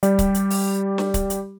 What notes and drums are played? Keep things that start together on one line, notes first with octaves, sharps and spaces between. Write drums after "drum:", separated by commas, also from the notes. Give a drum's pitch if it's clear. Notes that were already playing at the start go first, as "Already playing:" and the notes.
G3 G4 D5, drum: hi-hat
drum: kick C#1, hi-hat
drum: hi-hat
drum: open hi-hat
drum: snare
drum: kick C#1, hi-hat
drum: hi-hat